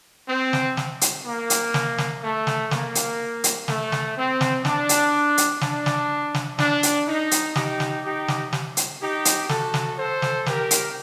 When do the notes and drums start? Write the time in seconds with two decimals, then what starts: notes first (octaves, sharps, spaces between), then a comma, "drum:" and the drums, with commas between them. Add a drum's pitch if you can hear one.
0.28 C4
0.53 drum: snare
0.77 drum: snare
1.01 drum: hi-hat
1.25 A#3
1.50 drum: hi-hat
1.74 drum: snare
1.98 drum: snare
2.23 A3
2.47 drum: snare
2.71 A#3, drum: snare
2.95 drum: hi-hat
3.44 drum: hi-hat
3.68 A3, drum: snare
3.92 drum: snare
4.16 C4
4.41 drum: snare
4.65 D4, drum: snare
4.89 drum: hi-hat
5.38 drum: hi-hat
5.61 D4, drum: snare
5.86 drum: snare
6.34 drum: snare
6.59 D4, drum: snare
6.83 drum: hi-hat
7.07 D#4
7.31 drum: hi-hat
7.56 D#4 G4, drum: snare
7.80 drum: snare
8.04 D#4 G4
8.28 drum: snare
8.53 drum: snare
8.77 drum: hi-hat
9.01 D#4 G4
9.25 drum: hi-hat
9.49 F#4 A4, drum: snare
9.74 drum: snare
9.98 A4 C5
10.22 drum: snare
10.46 G4 A#4, drum: snare
10.71 drum: hi-hat